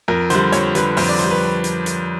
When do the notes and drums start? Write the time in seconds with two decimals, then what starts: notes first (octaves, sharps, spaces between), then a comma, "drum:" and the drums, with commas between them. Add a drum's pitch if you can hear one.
0.08 F2 A#4
0.30 D3 G3 C5, drum: hi-hat
0.52 F2 C#5, drum: hi-hat
0.75 D3 G3 B4, drum: hi-hat
0.97 F2 C5, drum: open hi-hat
1.08 D5
1.19 D3 C5, drum: hi-hat
1.24 G3
1.31 B4
1.64 drum: hi-hat
1.86 drum: hi-hat